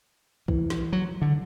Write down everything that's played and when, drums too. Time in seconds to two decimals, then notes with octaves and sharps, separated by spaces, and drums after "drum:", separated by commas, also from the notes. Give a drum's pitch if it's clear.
0.48 E3, drum: kick
0.70 drum: snare
0.93 F#3
1.22 D3